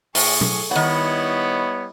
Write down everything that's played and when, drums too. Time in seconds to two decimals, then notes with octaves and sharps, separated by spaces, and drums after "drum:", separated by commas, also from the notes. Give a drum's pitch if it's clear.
0.15 A2 G#4 C#6, drum: open hi-hat
0.41 drum: tom B2
0.71 D#3 G3 B3 E4 C#5 D#5 F#5